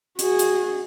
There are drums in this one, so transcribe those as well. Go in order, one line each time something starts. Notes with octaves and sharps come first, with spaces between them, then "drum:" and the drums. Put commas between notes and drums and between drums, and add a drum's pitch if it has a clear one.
F#4 G#4, drum: hi-hat
drum: hi-hat